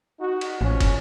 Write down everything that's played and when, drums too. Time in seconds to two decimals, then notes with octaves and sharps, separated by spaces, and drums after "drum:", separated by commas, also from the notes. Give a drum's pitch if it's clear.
0.19 D#4 F#4
0.41 drum: cymbal
0.61 A1 F3 C#4
0.80 drum: kick, cymbal